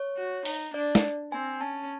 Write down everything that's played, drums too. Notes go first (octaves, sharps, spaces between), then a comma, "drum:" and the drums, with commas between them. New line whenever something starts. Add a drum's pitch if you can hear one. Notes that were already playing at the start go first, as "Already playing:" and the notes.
Already playing: C#5
F#4
D#4, drum: open hi-hat
D4 D5
drum: snare
C4 G#5
C#4 A5